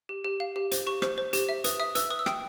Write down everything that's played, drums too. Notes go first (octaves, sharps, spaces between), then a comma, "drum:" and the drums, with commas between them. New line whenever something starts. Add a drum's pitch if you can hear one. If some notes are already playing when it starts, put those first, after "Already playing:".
G4
G4
F5
G4
C5, drum: hi-hat
G4 C#6
C5, drum: rim click
C5
G4, drum: hi-hat
E5
B4 D#6, drum: hi-hat
E5 D#6
B4 E6, drum: hi-hat
B4 D#6
E6
G5 D#6, drum: rim click